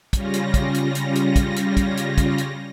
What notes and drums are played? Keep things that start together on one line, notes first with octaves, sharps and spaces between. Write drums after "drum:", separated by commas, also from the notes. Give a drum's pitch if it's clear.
C#3 G3 C#4 F4 A#6, drum: kick, hi-hat
drum: hi-hat
drum: kick, hi-hat
drum: hi-hat
drum: hi-hat
drum: hi-hat
drum: kick, hi-hat
drum: hi-hat
drum: kick, hi-hat
drum: hi-hat
drum: kick, hi-hat
drum: hi-hat